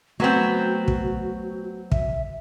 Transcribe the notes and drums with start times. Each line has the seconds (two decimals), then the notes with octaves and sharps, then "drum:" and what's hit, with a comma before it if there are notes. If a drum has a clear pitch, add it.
0.20 F#3 A3 B3 C4 F#4
0.88 drum: kick
1.92 E5, drum: kick